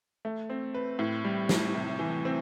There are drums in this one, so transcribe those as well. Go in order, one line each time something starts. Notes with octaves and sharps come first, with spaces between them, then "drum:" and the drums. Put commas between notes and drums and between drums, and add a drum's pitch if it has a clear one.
A3
C4
B4
A2
G3
A2, drum: snare
C3
E3
C4